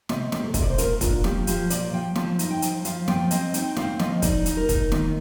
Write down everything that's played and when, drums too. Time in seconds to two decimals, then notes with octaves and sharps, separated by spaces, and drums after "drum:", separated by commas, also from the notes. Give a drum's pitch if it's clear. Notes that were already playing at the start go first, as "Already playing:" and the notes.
0.09 C3 D#5, drum: snare
0.32 C3, drum: snare
0.38 G4
0.44 A4
0.54 C3 D#5, drum: kick, hi-hat
0.62 D5
0.70 C5
0.78 A#2 A#4, drum: hi-hat
1.01 D4 F4, drum: kick, hi-hat
1.24 F3 G4, drum: snare
1.47 F3 G4, drum: hi-hat
1.70 A#2 D5, drum: hi-hat
1.93 F3 G5
2.16 F3 A5, drum: snare
2.39 D#4, drum: hi-hat
2.51 G5
2.62 F3, drum: hi-hat
2.85 F3 F5, drum: hi-hat
3.08 F3 G5, drum: snare
3.31 C4 D#5, drum: hi-hat
3.54 D#4 G5, drum: hi-hat
3.77 C4 F5, drum: snare
3.99 F3 D#5, drum: snare
4.22 D#4 D5, drum: kick, hi-hat
4.46 D#4, drum: hi-hat
4.57 A#4
4.69 D#4, drum: kick, hi-hat
4.92 D#3, drum: snare